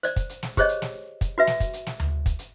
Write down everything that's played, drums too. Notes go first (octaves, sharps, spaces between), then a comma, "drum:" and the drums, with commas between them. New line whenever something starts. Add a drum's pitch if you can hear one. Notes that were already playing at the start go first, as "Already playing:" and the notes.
C5 D5, drum: hi-hat
drum: kick, hi-hat
drum: hi-hat
drum: snare
G4 G#4 C5 C#5 D#5, drum: kick, hi-hat
drum: hi-hat
drum: snare
drum: kick, hi-hat
F#4 B4 E5
drum: snare
drum: kick, hi-hat
drum: hi-hat
drum: snare
drum: tom D2
drum: kick, hi-hat
drum: hi-hat